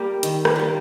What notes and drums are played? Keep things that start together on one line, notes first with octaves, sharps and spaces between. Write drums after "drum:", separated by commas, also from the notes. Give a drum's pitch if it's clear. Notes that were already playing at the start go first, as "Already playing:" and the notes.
Already playing: G3 A#3 G4 A#4
D#3, drum: hi-hat
drum: rim click
G3 A#3